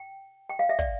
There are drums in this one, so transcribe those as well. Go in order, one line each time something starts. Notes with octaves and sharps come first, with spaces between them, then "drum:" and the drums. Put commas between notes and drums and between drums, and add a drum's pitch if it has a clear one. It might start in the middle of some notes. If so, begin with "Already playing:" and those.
Already playing: G5
G5
F5
E5
D5, drum: kick